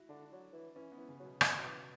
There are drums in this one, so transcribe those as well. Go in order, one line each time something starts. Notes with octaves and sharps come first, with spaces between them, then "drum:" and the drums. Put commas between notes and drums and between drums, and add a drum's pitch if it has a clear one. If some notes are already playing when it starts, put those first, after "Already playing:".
Already playing: E4 F#4
D3 D4
F#3
E3
E3 C#4
B3
E3
C#3
F#3
B2
C#3 F#3, drum: rim click
F#3
B2 E3